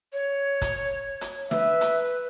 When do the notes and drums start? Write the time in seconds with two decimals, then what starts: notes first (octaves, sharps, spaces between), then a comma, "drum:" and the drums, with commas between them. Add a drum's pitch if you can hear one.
0.13 C#5
0.61 drum: kick, hi-hat
1.21 drum: hi-hat
1.51 B4 E5, drum: snare
1.81 drum: hi-hat